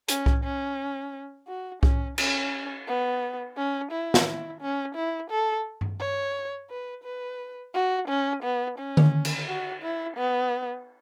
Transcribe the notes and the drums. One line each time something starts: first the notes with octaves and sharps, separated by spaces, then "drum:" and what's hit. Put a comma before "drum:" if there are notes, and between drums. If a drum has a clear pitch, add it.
C#4, drum: hi-hat
drum: kick C2
C#4
F#4
C#4, drum: kick C2
C#4, drum: cymbal
B3
C#4
E4
drum: snare
E4
C#4
E4
A4
drum: tom G2
C#5
B4
B4
F#4
C#4
B3
C#4
drum: tom D3
drum: cymbal
F#4
E4
B3